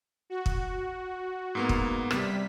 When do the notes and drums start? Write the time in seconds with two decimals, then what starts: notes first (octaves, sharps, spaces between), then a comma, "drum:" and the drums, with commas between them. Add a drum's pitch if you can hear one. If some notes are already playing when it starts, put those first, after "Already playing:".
0.30 F#4
0.46 drum: kick
1.55 G#2 A#3 B3
1.69 drum: kick
2.11 C3 G3 B6, drum: rim click